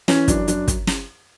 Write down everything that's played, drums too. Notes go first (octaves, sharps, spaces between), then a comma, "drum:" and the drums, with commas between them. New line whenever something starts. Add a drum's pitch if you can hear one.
E3 C#4, drum: snare
F#2 D4, drum: kick, hi-hat
F#2 D4, drum: hi-hat
drum: kick, hi-hat
drum: snare